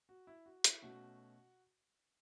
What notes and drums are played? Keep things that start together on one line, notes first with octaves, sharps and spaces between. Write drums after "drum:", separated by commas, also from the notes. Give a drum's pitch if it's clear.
F#4
E4
F#4
E4, drum: hi-hat
B2 A3 C#4 F#4